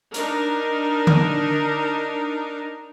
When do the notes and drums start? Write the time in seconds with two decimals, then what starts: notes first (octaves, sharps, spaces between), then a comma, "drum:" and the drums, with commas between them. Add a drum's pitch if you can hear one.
0.14 D4 D#4 A#4, drum: hi-hat
1.07 drum: tom D3